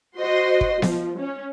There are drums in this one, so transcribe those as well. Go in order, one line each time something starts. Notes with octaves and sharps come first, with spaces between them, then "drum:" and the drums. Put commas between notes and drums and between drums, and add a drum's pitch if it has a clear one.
F#4 C5 D#5 C6
drum: kick
F3, drum: snare B3
C#4